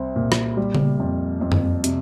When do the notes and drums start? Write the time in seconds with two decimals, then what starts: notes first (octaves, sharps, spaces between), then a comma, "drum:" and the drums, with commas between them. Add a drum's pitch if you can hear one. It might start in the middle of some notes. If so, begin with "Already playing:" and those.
Already playing: C2 C4
0.16 A#2
0.32 drum: rim click
0.57 G3
0.75 drum: tom C#3
0.99 F2
1.41 F2
1.52 drum: tom F#2
1.84 C3, drum: hi-hat